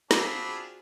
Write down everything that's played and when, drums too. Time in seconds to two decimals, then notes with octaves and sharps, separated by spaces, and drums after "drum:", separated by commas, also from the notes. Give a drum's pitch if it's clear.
0.11 C4 D4 F4 F#4 G#4 B5, drum: snare